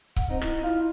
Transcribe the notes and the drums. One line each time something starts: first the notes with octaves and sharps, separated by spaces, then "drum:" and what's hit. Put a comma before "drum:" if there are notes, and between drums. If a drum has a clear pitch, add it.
F#5, drum: kick C#1
C4 D#4
E4, drum: rim click
E4 F4